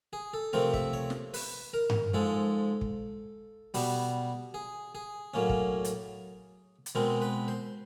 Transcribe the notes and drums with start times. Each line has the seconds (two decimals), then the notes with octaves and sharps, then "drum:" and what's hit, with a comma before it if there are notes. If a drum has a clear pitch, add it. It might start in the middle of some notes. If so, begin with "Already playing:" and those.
0.13 G#4
0.34 A4
0.53 C3 F3 A3 C4 A#4
0.74 E5, drum: kick
0.93 C#5
1.10 drum: snare
1.34 B4, drum: open hi-hat
1.74 A#4
1.90 drum: tom G2
2.14 G#2 F3 G#3 A4
2.81 drum: kick
3.74 B2 G3 B3, drum: open hi-hat
4.54 G#4
4.95 G#4
5.34 A2 F#3 A#3 C#4
5.49 drum: kick
5.85 drum: hi-hat
6.86 drum: hi-hat
6.95 B2 G#3 C4 A#4
7.22 B4
7.48 C5